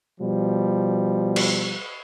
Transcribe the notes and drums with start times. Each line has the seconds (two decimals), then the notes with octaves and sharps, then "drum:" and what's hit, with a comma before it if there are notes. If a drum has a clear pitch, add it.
0.21 B2 F3 G3
1.36 drum: cymbal